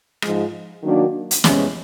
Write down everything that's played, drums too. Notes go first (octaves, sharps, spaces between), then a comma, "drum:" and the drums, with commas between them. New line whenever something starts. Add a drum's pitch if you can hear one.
G#2 F3 G#3, drum: rim click
D#3 F#3 A#3 D4 F#4
drum: hi-hat
E2 C3 E3 G#3 C#4, drum: snare